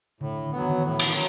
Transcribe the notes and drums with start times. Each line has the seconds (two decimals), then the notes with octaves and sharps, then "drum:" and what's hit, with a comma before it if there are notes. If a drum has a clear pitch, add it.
0.21 A2 D3
0.41 D#3
0.52 F#3 B3
0.62 D#3
0.70 E3
0.78 A2 D#3
1.00 drum: cymbal
1.13 F#3